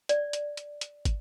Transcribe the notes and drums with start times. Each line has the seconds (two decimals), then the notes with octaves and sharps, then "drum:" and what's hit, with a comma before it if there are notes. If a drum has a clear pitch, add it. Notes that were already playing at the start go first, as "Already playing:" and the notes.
0.09 D5, drum: hi-hat
0.33 drum: hi-hat
0.57 drum: hi-hat
0.81 drum: hi-hat
1.05 drum: kick, hi-hat